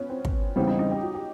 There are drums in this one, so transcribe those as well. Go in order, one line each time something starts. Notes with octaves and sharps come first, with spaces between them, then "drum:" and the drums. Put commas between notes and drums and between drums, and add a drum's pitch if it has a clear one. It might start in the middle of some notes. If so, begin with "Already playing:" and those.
Already playing: B3 C#4
C4
drum: kick
E2 C#3 E3 G3 C4 C#4
D#4
D#4
G4
F#4
G4